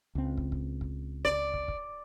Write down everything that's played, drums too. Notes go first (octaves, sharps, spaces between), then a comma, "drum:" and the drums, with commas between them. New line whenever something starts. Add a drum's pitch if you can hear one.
C#2 C4
drum: kick
drum: kick
drum: kick
D5, drum: kick
drum: kick
drum: kick